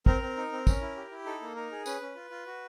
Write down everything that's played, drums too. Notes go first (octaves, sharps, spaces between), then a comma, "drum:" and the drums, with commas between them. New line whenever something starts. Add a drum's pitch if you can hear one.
C4 A#4, drum: kick
C4
D#4
C4
C#4, drum: kick, tambourine
E4
G4
E4
D#4 A4
A#3
D#4 A#4
G#4
C#4 B4, drum: tambourine
C#4
F4
F4
F#4